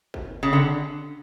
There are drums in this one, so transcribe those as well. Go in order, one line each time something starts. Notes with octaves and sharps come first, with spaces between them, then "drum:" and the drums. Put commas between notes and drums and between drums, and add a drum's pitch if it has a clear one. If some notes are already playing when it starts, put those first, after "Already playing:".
drum: kick
C#3
D3